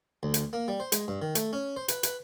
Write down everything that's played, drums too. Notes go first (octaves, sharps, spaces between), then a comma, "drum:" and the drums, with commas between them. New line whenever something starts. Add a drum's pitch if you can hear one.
D2
drum: hi-hat
A#3
G3
C5
G#3, drum: hi-hat
G2
D#3
A3, drum: hi-hat
C#4
C5
B4, drum: hi-hat
B4, drum: hi-hat